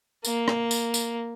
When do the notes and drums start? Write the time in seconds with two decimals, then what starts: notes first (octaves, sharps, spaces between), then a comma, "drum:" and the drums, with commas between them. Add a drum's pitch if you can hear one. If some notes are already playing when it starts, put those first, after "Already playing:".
0.25 A#3, drum: tambourine
0.48 drum: rim click
0.71 drum: tambourine
0.94 drum: tambourine